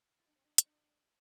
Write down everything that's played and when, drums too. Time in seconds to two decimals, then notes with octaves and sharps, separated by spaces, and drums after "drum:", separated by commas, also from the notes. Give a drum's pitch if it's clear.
0.19 E4
0.27 D4
0.36 C4
0.44 D4
0.58 C4, drum: hi-hat
0.65 D4